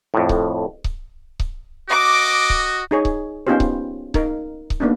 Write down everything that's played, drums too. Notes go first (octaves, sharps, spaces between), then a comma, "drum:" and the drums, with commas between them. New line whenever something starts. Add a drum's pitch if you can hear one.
F2 A2
drum: kick C#1
drum: kick C#1
drum: kick C#1
F#4 D#5 D6
drum: kick C#1
D#4 G#4 C#5
drum: kick C#1
B3 C#4 D#4 F4 G4 C5
drum: kick C#1
D#4 A#4, drum: kick C#1
drum: kick C#1
A#3 B3 D4 D#4